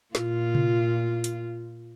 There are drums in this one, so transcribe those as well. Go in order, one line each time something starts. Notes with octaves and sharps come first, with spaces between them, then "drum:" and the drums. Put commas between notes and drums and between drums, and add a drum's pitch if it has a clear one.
A#2 F4, drum: snare
drum: tom C3
drum: hi-hat